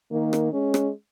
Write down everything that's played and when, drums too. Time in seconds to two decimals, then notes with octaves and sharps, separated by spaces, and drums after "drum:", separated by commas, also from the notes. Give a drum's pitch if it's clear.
0.12 D#3 A#3
0.33 drum: rim click
0.53 G#3 C#4
0.74 drum: rim click